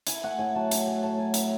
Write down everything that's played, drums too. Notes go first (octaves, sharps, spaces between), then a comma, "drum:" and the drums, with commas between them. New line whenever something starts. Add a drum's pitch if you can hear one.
E4 G#5, drum: hi-hat
A3 F#5
A2 G#5
F#3 A5
E4, drum: hi-hat
A3 G#5
A2 A5
F#3 G#5
E4, drum: hi-hat